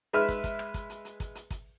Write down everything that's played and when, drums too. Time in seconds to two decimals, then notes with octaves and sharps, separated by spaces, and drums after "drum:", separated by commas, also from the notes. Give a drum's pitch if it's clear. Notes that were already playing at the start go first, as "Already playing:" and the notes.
0.13 G#3 B4 E5 F6
0.29 drum: kick, hi-hat
0.44 drum: kick, hi-hat
0.59 drum: rim click
0.74 drum: kick, hi-hat
0.90 drum: hi-hat
1.05 drum: hi-hat
1.20 drum: kick, hi-hat
1.35 drum: hi-hat
1.51 drum: kick, hi-hat